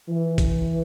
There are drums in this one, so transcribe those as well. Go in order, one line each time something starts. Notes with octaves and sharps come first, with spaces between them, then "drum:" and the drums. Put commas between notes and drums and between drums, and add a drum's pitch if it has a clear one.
E3
drum: kick A1, hi-hat